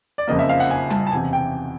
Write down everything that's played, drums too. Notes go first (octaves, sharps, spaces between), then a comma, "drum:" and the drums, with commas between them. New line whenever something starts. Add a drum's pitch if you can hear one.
D5
F#1 F2 C#3 F3 A#3 D#5
E5
F5
F#5, drum: open hi-hat
G#5
A5, drum: tom G3
A5
F#1 E2 C3 G#5
G5